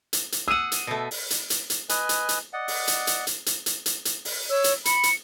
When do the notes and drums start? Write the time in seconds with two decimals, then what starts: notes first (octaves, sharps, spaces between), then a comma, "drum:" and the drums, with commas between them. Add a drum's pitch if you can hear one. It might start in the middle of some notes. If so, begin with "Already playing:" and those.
0.13 drum: hi-hat
0.32 drum: hi-hat
0.48 G#4 F#5 E6 D#7
0.72 drum: hi-hat
0.87 B2 A3
1.11 drum: open hi-hat
1.31 drum: hi-hat
1.50 drum: hi-hat
1.70 drum: hi-hat
1.89 B4 D#5 G#5, drum: hi-hat
2.09 drum: hi-hat
2.29 drum: hi-hat
2.53 D5 D#5 F#5
2.68 drum: open hi-hat
2.88 drum: hi-hat
3.07 drum: hi-hat
3.27 drum: hi-hat
3.46 drum: hi-hat
3.66 drum: hi-hat
3.86 drum: hi-hat
4.05 drum: hi-hat
4.25 drum: open hi-hat
4.50 C#5 E6
4.64 drum: hi-hat
4.85 B5 C#7, drum: hi-hat
5.03 drum: hi-hat